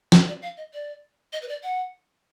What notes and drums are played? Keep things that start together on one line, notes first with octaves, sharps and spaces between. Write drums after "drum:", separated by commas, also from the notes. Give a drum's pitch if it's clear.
D#5, drum: snare
D5
F5
D#5
D5
D#5
B4
D5
F#5